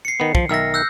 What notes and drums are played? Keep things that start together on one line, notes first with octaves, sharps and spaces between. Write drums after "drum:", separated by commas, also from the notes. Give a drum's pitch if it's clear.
C7 C#7
D#3 B3
F3, drum: kick
B1 D#3 E5 F6 A#6
E6 F#6 G6